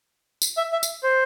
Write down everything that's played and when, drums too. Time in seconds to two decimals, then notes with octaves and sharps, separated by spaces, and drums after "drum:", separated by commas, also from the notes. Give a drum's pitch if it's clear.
0.42 drum: tambourine
0.57 E5
0.72 E5
0.83 drum: tambourine
1.03 C5